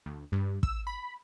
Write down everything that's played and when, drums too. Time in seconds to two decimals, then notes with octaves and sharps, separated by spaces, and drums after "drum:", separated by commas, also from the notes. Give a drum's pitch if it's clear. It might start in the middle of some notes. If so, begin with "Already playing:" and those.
0.06 D2
0.32 G2
0.63 E6, drum: kick
0.87 B5